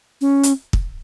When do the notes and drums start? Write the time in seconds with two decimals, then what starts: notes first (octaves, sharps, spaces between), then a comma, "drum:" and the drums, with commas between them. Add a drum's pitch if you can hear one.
0.21 C#4
0.43 drum: hi-hat
0.73 drum: kick